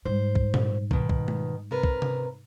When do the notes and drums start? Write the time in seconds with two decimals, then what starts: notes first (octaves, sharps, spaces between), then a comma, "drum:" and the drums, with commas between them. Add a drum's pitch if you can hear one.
0.05 G#2 G3 C5
0.35 drum: kick
0.54 drum: tom A#2
0.91 B2 D#3, drum: kick
1.09 drum: kick
1.28 drum: tom G#3
1.71 C3 A#4 B4
1.83 drum: kick
2.02 drum: tom C3